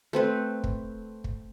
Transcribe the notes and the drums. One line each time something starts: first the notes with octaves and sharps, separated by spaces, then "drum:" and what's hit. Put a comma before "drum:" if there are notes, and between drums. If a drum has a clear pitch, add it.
A3 C4 B4
drum: kick
drum: kick